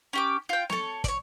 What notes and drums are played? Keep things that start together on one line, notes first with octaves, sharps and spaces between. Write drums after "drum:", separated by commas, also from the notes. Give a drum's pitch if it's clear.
C#4 G4 D6
F4 G5
A4 C#5, drum: snare
C#5 D5, drum: kick, hi-hat